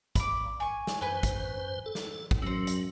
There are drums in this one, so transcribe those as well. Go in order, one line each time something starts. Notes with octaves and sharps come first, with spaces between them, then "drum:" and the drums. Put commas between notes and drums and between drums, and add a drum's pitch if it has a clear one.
A#1 B5 D6, drum: kick, hi-hat
G#5 C#6
drum: snare
F#2 B4 C5 G#5
drum: kick, hi-hat
A4
drum: snare
drum: kick
F#2 F#3 C5 E6
drum: hi-hat